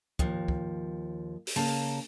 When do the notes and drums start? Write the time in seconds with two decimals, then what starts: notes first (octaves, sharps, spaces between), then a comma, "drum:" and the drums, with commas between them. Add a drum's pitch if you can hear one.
0.19 D#2 F3, drum: kick
0.48 drum: kick
1.47 drum: open hi-hat
1.56 C#3 A#3 A5 A#5